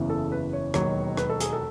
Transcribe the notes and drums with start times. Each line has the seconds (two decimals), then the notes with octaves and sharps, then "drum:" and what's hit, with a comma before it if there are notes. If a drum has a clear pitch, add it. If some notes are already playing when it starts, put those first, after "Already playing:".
Already playing: F#1 E2 C#3 E3
0.10 A4
0.32 B4
0.53 C#5
0.74 E1 D#2 D#3 F#3 C#5, drum: rim click
1.17 B4, drum: rim click
1.30 A4
1.40 G#4, drum: hi-hat
1.53 A4